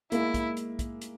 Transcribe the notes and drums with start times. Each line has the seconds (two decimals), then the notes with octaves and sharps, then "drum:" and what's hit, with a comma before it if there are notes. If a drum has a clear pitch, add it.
0.12 G#3 A#3 E4, drum: hi-hat
0.34 drum: kick, hi-hat
0.57 drum: hi-hat
0.79 drum: kick, hi-hat
1.01 drum: hi-hat